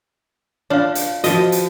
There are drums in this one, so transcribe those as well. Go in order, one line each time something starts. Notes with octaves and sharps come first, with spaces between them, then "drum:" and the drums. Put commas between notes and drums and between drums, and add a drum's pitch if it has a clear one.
D4 F4 C#5 F5
drum: hi-hat
F3 F#4 D#5, drum: hi-hat
drum: hi-hat